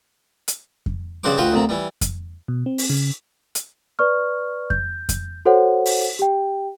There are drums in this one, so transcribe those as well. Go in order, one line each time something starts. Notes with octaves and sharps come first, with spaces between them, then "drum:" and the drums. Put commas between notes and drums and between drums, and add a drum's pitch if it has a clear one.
drum: hi-hat
drum: kick F2
G2 C#3 D4 F#4 C5 D6
D2 F4 F#4 B4 G5
D2 C3 A#3
E3 G3
drum: kick F2, hi-hat
B2
C4
drum: open hi-hat
C#3
drum: hi-hat
B4 D5 C#6 F6
G6, drum: kick F2
drum: kick F2, hi-hat
F#4 A4 C5 C#5 F#5
drum: open hi-hat
G4 G5